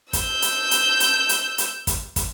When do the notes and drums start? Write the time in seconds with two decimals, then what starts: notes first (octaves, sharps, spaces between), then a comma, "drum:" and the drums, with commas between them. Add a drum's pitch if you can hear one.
0.13 E6 G6, drum: kick, hi-hat
0.42 drum: hi-hat
0.71 drum: hi-hat
1.00 drum: hi-hat
1.29 drum: hi-hat
1.58 drum: hi-hat
1.87 drum: kick, hi-hat
2.16 drum: kick, hi-hat